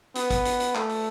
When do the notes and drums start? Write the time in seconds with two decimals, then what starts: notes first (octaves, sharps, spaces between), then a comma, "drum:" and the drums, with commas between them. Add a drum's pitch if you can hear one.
0.15 B3, drum: hi-hat
0.30 drum: kick, hi-hat
0.45 drum: hi-hat
0.60 drum: hi-hat
0.75 A3, drum: clap
0.89 drum: open hi-hat